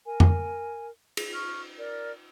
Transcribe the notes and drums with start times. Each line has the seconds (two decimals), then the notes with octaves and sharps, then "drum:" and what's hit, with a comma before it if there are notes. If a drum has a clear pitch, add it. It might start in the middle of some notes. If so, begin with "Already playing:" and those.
0.06 A#4 G#5
0.20 drum: tom F2
1.17 drum: cymbal
1.34 C#6 F6
1.78 A#4 D5